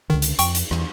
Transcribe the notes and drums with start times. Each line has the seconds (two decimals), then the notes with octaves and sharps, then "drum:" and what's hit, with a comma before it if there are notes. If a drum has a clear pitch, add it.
0.10 C#2 D3 D#3
0.22 drum: hi-hat
0.39 F2 G5 C#6, drum: hi-hat
0.55 drum: hi-hat
0.71 E2, drum: rim click